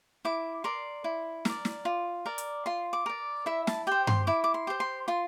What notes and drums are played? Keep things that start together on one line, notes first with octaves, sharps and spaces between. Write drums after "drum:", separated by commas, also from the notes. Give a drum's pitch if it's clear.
E4 D6
A#4 D5 C6
E4
A#4 D5, drum: snare
drum: snare
F4
A#4 D5
drum: hi-hat
F4 C6
D6
A#4 D5
E4 E5
A5, drum: snare
G4 C5 G5
C6, drum: tom G2
E4 D6
D6
C6
G4 C5
C6
F4 C6